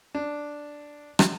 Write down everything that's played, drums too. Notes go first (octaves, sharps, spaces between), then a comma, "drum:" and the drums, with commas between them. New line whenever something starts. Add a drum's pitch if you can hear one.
D4
drum: rim click